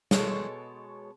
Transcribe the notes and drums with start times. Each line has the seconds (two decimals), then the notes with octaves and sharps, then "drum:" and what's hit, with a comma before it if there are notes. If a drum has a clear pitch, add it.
0.11 B2 G#3 A4 C#5, drum: snare